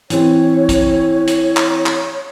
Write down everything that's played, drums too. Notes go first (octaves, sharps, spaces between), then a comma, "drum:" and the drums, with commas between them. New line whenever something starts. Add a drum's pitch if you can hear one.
E3 C4 C#5, drum: hi-hat
drum: kick, hi-hat
drum: hi-hat
drum: clap
drum: clap